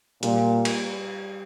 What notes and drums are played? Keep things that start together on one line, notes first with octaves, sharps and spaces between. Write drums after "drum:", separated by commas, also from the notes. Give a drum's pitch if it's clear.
A#2 G3, drum: hi-hat
drum: cymbal